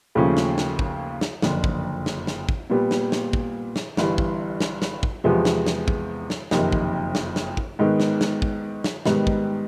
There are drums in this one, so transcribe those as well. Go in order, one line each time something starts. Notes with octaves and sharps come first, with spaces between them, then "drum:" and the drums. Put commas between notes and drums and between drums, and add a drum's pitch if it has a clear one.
D#2 C#3 F3 A3 C#4
drum: snare
drum: snare
drum: kick
drum: snare
F#1 F2 D3, drum: snare
drum: kick
drum: snare
drum: snare
drum: kick
A#2 G3 B3
drum: snare
drum: snare
drum: kick
drum: snare
G1 G2 E3, drum: snare
drum: kick
drum: snare
drum: snare
drum: kick
E2 C3 F3 G#3 B3
drum: snare
drum: snare
drum: kick
drum: snare
F#1 F2 C3 D#3, drum: snare
drum: kick
drum: snare
drum: snare
drum: kick
G#2 D#3 G#3 B3
drum: snare
drum: snare
drum: kick
drum: snare
G#2 D#3 G3 B3 D#4, drum: snare
drum: kick